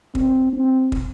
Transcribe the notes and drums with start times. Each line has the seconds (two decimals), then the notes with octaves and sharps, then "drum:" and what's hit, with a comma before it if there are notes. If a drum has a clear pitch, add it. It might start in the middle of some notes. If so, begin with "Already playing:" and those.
0.15 C4, drum: kick
0.53 C4
0.92 drum: kick